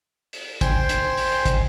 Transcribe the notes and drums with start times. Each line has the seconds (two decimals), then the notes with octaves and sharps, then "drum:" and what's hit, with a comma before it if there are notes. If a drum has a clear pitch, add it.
0.33 drum: open hi-hat
0.61 C5 G5 G#5 C6, drum: kick, hi-hat
0.89 drum: hi-hat
1.17 drum: open hi-hat
1.46 drum: kick, hi-hat